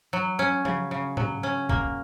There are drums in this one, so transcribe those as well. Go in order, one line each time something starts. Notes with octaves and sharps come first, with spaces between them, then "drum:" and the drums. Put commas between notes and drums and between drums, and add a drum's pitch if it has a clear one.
F#3
C#4
C#3, drum: tom F3
C#3
F#3, drum: tom G#2
C#4
A#3, drum: kick